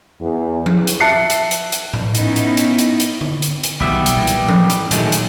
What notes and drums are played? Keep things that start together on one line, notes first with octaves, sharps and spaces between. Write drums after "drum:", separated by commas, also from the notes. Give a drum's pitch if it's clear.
E2
drum: tom F3
drum: hi-hat
E5 A5 F#6 C7 C#7
drum: hi-hat
drum: hi-hat
drum: hi-hat
drum: tom A2
B3 C#4 D#4 E4, drum: hi-hat
drum: hi-hat
drum: hi-hat
drum: hi-hat
drum: hi-hat
drum: tom D3
drum: hi-hat
drum: hi-hat
B1 B2 D#3 G3 B3 E5
drum: hi-hat
A#2 E3
drum: hi-hat
drum: tom F3
drum: hi-hat
A#2 D#3 F#3 G#3 A3, drum: hi-hat
drum: hi-hat